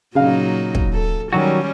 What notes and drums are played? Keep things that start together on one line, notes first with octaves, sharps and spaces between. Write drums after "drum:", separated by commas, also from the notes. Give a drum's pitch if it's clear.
A#2 C#3 F#3 D#4 F5
drum: kick
A4
D#3 F#3 G3 C#4 F#4